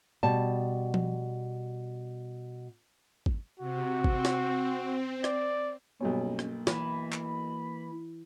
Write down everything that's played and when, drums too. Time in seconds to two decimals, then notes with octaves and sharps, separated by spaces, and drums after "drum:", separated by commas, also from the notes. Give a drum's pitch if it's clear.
0.23 B2 G3 A5
0.94 drum: tom F3
3.26 drum: kick
3.59 C3 F#4
4.04 C4, drum: kick
4.25 drum: snare
5.24 D5, drum: rim click
6.00 B1 G2 B2 A#3 C#4
6.39 drum: rim click
6.67 E3 B5, drum: snare
7.13 drum: clap